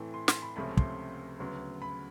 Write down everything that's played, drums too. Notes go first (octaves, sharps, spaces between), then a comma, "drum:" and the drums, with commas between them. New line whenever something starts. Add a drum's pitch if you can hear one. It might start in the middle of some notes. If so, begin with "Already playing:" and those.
Already playing: A2 E3 A3 C4
C6
C6, drum: snare
B5
C#2 C3 F3 A3 C#4 B5
C6, drum: kick
D2 C#3 F#3 B3
B5